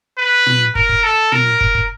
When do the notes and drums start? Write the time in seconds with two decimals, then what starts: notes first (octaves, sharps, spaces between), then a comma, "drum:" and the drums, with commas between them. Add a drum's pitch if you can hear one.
0.18 B4
0.46 drum: tom A#2
0.75 A#4, drum: kick
0.89 drum: kick
1.04 A4
1.32 A#4, drum: tom A#2
1.61 drum: kick
1.75 drum: kick